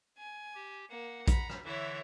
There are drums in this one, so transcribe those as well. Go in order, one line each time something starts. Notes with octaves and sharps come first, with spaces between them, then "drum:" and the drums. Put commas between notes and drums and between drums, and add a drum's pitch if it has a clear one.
G#5
G4
A#3 F#5
A#5 B5, drum: kick A#1, hi-hat
drum: rim click
D3 E3 E4 C#5 E5